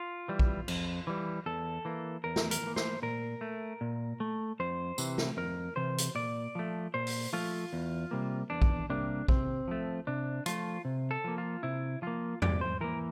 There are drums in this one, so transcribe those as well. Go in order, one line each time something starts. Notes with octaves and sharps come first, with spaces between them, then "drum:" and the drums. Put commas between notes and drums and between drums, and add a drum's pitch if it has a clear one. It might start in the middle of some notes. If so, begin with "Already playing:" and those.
Already playing: F4
E3 G3
drum: kick A#1
F2, drum: cymbal
E3 G3
E2 A4
E3 A#3
E2 A#4
drum: snare
A#4, drum: hi-hat
E3 A#3
C5, drum: snare
A#2 A#4
A3
A#2
A3
F2 C5
C3 E3, drum: tambourine
drum: snare
F2 A#4
C3 E3 C5
drum: hi-hat
A#2 D5
F3 A3
A#2 C5
drum: open hi-hat
F3 A3 F4
E2
C3 G3 A#3
E2 D4
drum: kick A#1
C3 G3 A#3 D4
C3 C4, drum: kick A#1
F3 A3
C3 D4
F3 A3 F4, drum: hi-hat
C3
A4
F3 A#3
F4
C3 E4
F3 A#3 F4
F2 D5, drum: tom E2
C5
E3 A#3 A#4